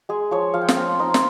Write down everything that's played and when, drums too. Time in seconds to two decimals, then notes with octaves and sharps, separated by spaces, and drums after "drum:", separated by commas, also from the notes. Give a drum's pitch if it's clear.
0.09 G#3 G#4
0.31 F3 C#5
0.54 F3 F5
0.61 G5
0.68 F5, drum: snare
0.77 C4
0.99 D#4 C5
1.14 drum: snare